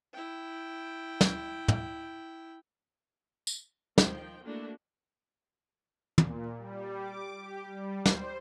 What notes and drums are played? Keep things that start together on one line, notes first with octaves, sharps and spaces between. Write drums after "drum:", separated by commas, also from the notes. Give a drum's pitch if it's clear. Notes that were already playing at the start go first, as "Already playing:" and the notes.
E4 G5
drum: snare
drum: tom
drum: tambourine
D#3 F3 G5, drum: snare
A3 A#3 D4 E4 F#4 A4
A#2, drum: tom
G3
D6
G4
G3
C5, drum: snare